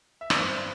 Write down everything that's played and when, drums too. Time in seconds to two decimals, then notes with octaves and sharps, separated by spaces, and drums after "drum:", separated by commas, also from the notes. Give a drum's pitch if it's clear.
0.21 E5
0.30 D5, drum: rim click
0.38 G2 C5